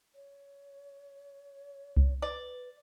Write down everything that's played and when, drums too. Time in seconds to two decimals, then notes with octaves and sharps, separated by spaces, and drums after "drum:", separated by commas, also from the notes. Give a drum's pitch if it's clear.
0.15 C#5
1.97 drum: kick C2
2.22 B4 D5